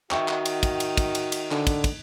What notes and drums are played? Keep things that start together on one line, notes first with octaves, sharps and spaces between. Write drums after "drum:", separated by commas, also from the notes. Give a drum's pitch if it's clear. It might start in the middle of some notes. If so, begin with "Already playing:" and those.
D#3 F#4 E5 G5 C#6, drum: clap
drum: clap
drum: cymbal
drum: kick, cymbal
drum: cymbal
drum: kick, cymbal
drum: cymbal
drum: cymbal
D3, drum: clap
drum: kick, cymbal
drum: kick, cymbal